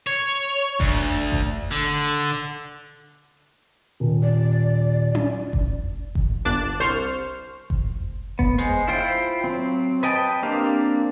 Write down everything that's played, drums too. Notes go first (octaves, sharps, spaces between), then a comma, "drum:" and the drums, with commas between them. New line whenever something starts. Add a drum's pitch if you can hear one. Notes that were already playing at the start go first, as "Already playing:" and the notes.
C#5
D2, drum: kick F#1
drum: kick F#1
D3
D#1
D5
drum: tom C#4
drum: kick F#1
drum: kick F#1
G1 D4 F#6 A6 E7
C2 C5 C6 C#6 F6
drum: kick F#1
B3, drum: kick F#1
G#3 C5, drum: hi-hat
E4 F4 C5 G5
F#3 C4
B4 D#5 G5 A5, drum: hi-hat
A#3 C4 D4 G4 F5